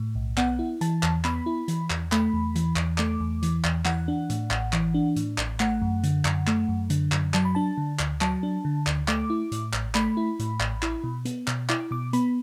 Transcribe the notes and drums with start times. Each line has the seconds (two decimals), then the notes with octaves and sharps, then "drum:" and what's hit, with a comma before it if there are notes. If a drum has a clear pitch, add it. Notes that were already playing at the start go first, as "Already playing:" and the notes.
Already playing: A2
0.15 B1
0.37 B3 F#5, drum: clap
0.59 E4
0.81 E3 A5, drum: hi-hat
1.03 E2, drum: clap
1.25 B3 B5, drum: clap
1.46 E4
1.68 E3, drum: hi-hat
1.90 E2, drum: clap
2.12 A3 B5, drum: clap
2.34 E2
2.55 E3, drum: hi-hat
2.76 E2, drum: clap
2.98 A3 D6, drum: clap
3.20 E2
3.43 E3, drum: hi-hat
3.64 E2, drum: clap
3.85 E3 F#5, drum: clap
4.08 D4
4.30 A2, drum: hi-hat
4.51 A1, drum: clap
4.73 E3, drum: clap
4.94 D4
5.16 A2, drum: hi-hat
5.38 A1, drum: clap
5.60 A3 F#5, drum: clap
5.82 F#2
6.03 D3, drum: hi-hat
6.25 F#2, drum: clap
6.47 A3, drum: clap
6.69 F#2
6.90 D3, drum: hi-hat
7.12 F#2, drum: clap
7.34 F#3 A5, drum: clap
7.45 B5
7.55 D4 A5
7.78 D3
7.99 D2, drum: clap
8.21 F#3 A5, drum: clap
8.43 D4
8.65 D3
8.87 D2, drum: clap
9.08 A3 D6, drum: clap
9.30 E4
9.52 A2, drum: hi-hat
9.73 A1, drum: clap
9.95 A3 B5, drum: clap
10.17 E4
10.39 A2, drum: hi-hat
10.60 A1, drum: clap
10.83 E4, drum: clap
11.04 B2
11.25 B3, drum: hi-hat
11.48 B2, drum: clap
11.69 E4 D6, drum: clap
11.91 B2 D6
12.13 B3 B5, drum: hi-hat